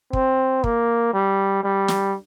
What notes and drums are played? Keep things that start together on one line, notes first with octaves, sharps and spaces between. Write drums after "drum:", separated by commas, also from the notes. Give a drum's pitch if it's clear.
C4, drum: kick
A#3, drum: kick
G3
G3
drum: snare